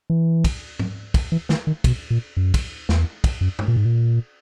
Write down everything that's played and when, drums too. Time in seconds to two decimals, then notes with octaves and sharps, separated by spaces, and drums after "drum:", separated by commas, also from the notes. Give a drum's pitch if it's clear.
0.10 E3
0.44 drum: kick, cymbal
0.79 drum: tom G#2
1.14 drum: kick, cymbal
1.32 E3
1.49 D#3, drum: snare
1.67 D#3
1.84 B2, drum: kick, cymbal
2.10 A#2
2.37 F#2
2.54 drum: kick, cymbal
2.89 E2, drum: snare
3.24 drum: kick, cymbal
3.41 F#2
3.59 drum: tom G2
3.68 A#2
3.76 G#2
3.85 A#2